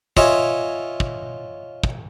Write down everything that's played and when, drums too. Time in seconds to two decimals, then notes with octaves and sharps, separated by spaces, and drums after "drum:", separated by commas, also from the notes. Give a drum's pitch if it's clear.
0.17 F4 C#5 D#5 E5 G#5, drum: kick
1.00 drum: kick
1.84 drum: kick